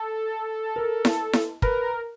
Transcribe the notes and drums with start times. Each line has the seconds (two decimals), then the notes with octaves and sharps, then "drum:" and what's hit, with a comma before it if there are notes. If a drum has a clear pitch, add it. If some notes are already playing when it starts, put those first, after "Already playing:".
Already playing: A4
0.76 A#4
1.05 drum: snare E4
1.33 drum: snare E4
1.62 A#4 B4, drum: kick